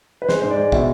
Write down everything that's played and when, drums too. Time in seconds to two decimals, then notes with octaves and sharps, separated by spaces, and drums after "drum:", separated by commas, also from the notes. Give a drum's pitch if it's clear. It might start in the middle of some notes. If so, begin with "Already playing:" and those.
0.22 B4
0.29 G#3 C5, drum: snare
0.42 G#2 C5
0.50 D5
0.57 G#3
0.72 B2 E5, drum: kick